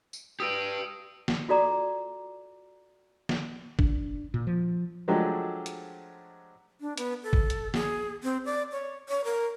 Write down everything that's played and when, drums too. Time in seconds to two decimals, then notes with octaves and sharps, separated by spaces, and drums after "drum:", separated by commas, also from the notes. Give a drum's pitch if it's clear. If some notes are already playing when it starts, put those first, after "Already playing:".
0.13 drum: tambourine
0.40 G4 B4 D#6 E6 D7
1.28 drum: snare
1.48 F4 F#4 A4 D5 A#5 D6
3.29 drum: snare
3.79 D4, drum: kick
4.34 A#2
4.47 F3
5.08 F3 F#3 G#3 A3 D4 G4
5.66 drum: hi-hat
6.81 D4
6.97 B3, drum: hi-hat
7.23 A4
7.33 drum: kick
7.50 drum: hi-hat
7.74 G#4, drum: snare
8.23 C4
8.45 D5
8.72 C#5
9.09 C#5
9.24 A#4